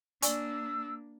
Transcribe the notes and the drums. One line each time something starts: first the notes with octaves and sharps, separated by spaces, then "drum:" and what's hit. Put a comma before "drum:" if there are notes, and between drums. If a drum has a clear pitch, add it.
A#3 D4 D5 G#5 C#6 E6, drum: hi-hat